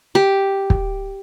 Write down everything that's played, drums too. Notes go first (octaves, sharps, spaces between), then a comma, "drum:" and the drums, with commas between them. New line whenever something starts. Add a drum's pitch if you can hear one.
G4
drum: kick